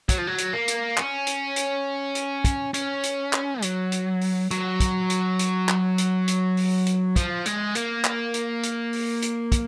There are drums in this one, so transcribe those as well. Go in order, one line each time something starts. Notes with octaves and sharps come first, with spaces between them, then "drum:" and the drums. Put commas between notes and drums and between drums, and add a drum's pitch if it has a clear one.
F#3, drum: kick, hi-hat
F3
F#3
drum: hi-hat
A#3
drum: hi-hat
C#4, drum: clap
drum: hi-hat
drum: hi-hat
drum: hi-hat
drum: kick, hi-hat
C#4, drum: hi-hat
drum: hi-hat
drum: clap
F#3, drum: hi-hat
drum: hi-hat
drum: open hi-hat
F#3, drum: hi-hat
drum: kick, hi-hat
drum: hi-hat
drum: hi-hat
drum: clap
drum: hi-hat
drum: hi-hat
drum: open hi-hat
drum: hi-hat
F3, drum: kick, hi-hat
G#3, drum: hi-hat
A#3, drum: hi-hat
drum: clap
drum: hi-hat
drum: hi-hat
drum: open hi-hat
drum: hi-hat
drum: kick, hi-hat